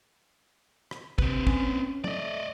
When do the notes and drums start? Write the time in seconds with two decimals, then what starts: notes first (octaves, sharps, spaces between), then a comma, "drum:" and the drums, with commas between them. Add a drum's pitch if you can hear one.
0.91 drum: rim click
1.18 C3 C4 B4, drum: kick
1.47 C#4, drum: kick
2.04 A3 D5 D#5, drum: tom